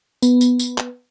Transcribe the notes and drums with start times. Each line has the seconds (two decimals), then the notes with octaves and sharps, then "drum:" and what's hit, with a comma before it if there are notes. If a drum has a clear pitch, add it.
0.22 B3, drum: tambourine
0.41 drum: tambourine
0.59 drum: tambourine
0.78 drum: clap